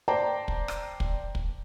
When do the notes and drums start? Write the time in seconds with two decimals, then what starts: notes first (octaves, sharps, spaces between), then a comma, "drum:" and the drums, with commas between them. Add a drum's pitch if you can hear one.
0.08 C5 D5 G5 A5 A#5
0.48 drum: kick
0.68 drum: rim click
1.00 drum: kick
1.35 drum: kick